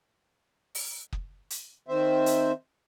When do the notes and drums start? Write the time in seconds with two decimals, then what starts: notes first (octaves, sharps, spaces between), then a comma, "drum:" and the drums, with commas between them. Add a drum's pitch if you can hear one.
0.75 drum: open hi-hat
1.13 drum: kick
1.50 drum: hi-hat
1.88 D#3 C4 C5 E5
2.26 drum: hi-hat